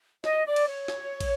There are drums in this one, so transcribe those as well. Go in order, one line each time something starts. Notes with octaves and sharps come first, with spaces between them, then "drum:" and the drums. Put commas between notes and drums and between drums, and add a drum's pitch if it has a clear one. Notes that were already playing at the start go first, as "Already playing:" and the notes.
D#5, drum: snare
D5
drum: cymbal
C#5
drum: snare
drum: kick, cymbal